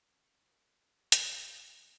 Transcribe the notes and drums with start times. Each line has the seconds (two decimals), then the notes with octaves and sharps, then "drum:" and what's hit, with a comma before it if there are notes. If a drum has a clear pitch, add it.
0.10 E3 F#3 C#4
0.46 G4 A4 A#4 C5 C#5 F5
0.97 B3 G4 G#4 B4 C#5
1.12 D3 B3 G5 A5 B5, drum: hi-hat
1.52 F#3 G3 F#5 G5
1.76 A#3 G4 C5 F#5